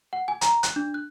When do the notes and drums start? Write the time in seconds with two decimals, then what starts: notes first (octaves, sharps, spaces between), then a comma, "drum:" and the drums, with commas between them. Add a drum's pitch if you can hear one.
0.13 F#5
0.28 G#5
0.41 A#5, drum: hi-hat
0.63 F#6, drum: hi-hat
0.76 D4
0.94 F#6